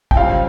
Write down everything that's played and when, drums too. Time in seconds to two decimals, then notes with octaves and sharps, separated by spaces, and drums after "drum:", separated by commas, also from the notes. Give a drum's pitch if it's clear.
0.11 G5, drum: kick
0.16 C#3 G3 C4 F4 F5